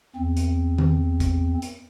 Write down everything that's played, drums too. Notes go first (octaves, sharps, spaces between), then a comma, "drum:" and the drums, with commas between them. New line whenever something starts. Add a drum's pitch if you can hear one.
E2 C4
drum: hi-hat
drum: tom D#3
drum: kick, hi-hat
drum: hi-hat